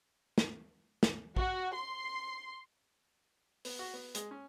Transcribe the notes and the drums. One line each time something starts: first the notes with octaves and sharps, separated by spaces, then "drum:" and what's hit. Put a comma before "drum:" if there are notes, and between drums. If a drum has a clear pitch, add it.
drum: snare
drum: snare
F#4, drum: kick A1
C6
B3, drum: open hi-hat
F#4
B3
G#3, drum: hi-hat
C#4